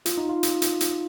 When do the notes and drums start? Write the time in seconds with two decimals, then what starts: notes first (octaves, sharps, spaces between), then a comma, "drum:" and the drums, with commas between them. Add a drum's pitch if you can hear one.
0.06 F4, drum: hi-hat
0.18 D#4
0.29 F4
0.43 drum: hi-hat
0.62 drum: hi-hat
0.81 drum: hi-hat